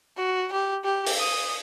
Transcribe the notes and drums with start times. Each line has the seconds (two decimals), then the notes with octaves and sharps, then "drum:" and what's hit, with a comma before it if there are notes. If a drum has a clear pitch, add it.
0.17 F#4
0.52 G4
0.84 G4
1.06 drum: open hi-hat
1.19 D#6